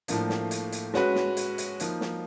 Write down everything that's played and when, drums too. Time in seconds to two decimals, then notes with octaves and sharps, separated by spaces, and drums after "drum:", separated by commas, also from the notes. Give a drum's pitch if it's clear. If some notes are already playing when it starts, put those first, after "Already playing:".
0.08 A2 F3 A#3 D4, drum: hi-hat
0.30 drum: snare
0.51 drum: hi-hat
0.72 drum: hi-hat
0.94 G#3 C#4 F#4 B4, drum: snare
1.15 drum: snare
1.37 drum: hi-hat
1.58 drum: hi-hat
1.80 F3 A#3 D#4, drum: hi-hat
2.01 drum: snare